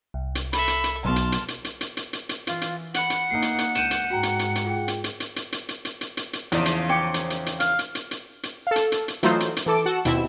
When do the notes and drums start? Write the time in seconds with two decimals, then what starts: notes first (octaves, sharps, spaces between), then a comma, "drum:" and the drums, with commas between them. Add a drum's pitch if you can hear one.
0.14 C2
0.35 drum: hi-hat
0.53 A4 E5 B5, drum: hi-hat
0.68 drum: hi-hat
0.84 drum: hi-hat
1.05 B1 B2 A5 C6 F6
1.16 drum: hi-hat
1.32 drum: hi-hat
1.48 drum: hi-hat
1.65 drum: hi-hat
1.81 drum: hi-hat
1.97 drum: hi-hat
2.13 drum: hi-hat
2.29 drum: hi-hat
2.47 E3 F4, drum: hi-hat
2.62 drum: hi-hat
2.94 F#5 B5 F#6 F#7, drum: hi-hat
3.10 drum: hi-hat
3.30 A#3 D#4 C7
3.42 drum: hi-hat
3.58 drum: hi-hat
3.75 C#2 G6 D#7 E7, drum: hi-hat
3.91 drum: hi-hat
4.10 G#2 F#4 G5 A#5
4.23 drum: hi-hat
4.39 drum: hi-hat
4.55 drum: hi-hat
4.65 F4 G#4 G5
4.88 drum: hi-hat
5.04 drum: hi-hat
5.20 drum: hi-hat
5.36 drum: hi-hat
5.52 drum: hi-hat
5.69 drum: hi-hat
5.85 drum: hi-hat
6.01 drum: hi-hat
6.17 drum: hi-hat
6.33 drum: hi-hat
6.52 E2 C#3 F3 D#4 D5, drum: hi-hat
6.66 drum: hi-hat
6.89 C#5 G5 D6
7.14 drum: hi-hat
7.30 drum: hi-hat
7.46 drum: hi-hat
7.60 F5, drum: hi-hat
7.79 drum: hi-hat
7.95 drum: hi-hat
8.11 drum: hi-hat
8.43 drum: hi-hat
8.67 A4 F5
8.76 drum: hi-hat
8.92 drum: hi-hat
9.08 drum: hi-hat
9.23 E3 F#3 A3 D#4 F4 C5, drum: hi-hat
9.40 drum: hi-hat
9.57 drum: hi-hat
9.66 E3 A4 D6 D7
9.86 F#4 A4 F#5 E7
10.05 D#2 B2 C4 E4 E5 E7, drum: hi-hat